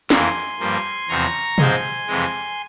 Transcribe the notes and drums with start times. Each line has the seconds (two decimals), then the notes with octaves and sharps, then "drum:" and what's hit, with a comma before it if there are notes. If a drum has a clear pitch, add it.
0.10 F2 E3 A#3 G#5 C6, drum: snare
0.60 G2 F3 A#3
1.09 E2 C3 F3 C4 A#5 C#6
1.58 G#2 F3 G#3 C4 G#5 C6, drum: tom B2
2.08 F2 C3 E3 G#3